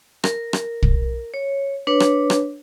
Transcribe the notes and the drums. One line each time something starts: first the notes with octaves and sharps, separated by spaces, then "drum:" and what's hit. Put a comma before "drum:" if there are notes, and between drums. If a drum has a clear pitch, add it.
A#4, drum: rim click
drum: rim click
drum: kick
C#5
D4 B4 C#5
drum: rim click
drum: rim click